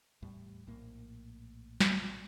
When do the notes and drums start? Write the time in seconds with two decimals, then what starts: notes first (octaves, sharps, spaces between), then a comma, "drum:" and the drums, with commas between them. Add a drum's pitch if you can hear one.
0.22 E2 A2 G3
0.67 A#1 A2 A#3
1.80 drum: snare